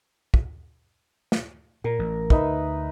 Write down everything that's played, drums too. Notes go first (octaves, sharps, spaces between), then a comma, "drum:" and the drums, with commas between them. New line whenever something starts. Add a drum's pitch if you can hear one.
drum: kick
drum: snare
A#2 A#4
A1
D2 D#4 B4 E5, drum: kick